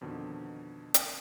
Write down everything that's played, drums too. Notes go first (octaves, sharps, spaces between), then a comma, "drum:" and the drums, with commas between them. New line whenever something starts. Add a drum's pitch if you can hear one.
F2 B2 D3 D#3
drum: hi-hat